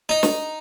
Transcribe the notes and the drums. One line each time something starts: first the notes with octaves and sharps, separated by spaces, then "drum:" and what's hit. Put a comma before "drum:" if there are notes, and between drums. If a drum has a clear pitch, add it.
D#4
drum: snare